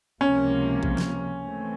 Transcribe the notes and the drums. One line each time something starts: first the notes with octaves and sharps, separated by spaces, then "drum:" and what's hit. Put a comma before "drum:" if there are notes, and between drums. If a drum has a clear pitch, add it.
C#2 C3 F3 A#3 C#4
drum: kick A#1
drum: snare
E3 A3 C4